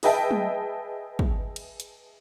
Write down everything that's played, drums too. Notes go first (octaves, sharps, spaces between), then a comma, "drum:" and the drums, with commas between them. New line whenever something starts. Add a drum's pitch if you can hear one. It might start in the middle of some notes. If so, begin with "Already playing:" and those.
G#4 B4 D#5 E5 G5 A5, drum: open hi-hat
drum: tom F#3
drum: kick
drum: cymbal
drum: hi-hat